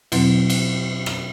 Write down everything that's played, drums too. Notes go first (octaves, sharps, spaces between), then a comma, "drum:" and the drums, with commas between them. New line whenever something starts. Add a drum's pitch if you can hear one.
E2 B2 F#3 C4, drum: cymbal
drum: cymbal
drum: rim click